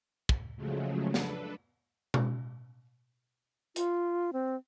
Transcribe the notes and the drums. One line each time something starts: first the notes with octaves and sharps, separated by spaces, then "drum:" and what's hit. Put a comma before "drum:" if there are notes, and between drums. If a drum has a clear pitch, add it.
drum: kick
C#3 F3 F#3 G#3 A3
D4 A4 B4, drum: snare
drum: tom B2
F4, drum: hi-hat
C4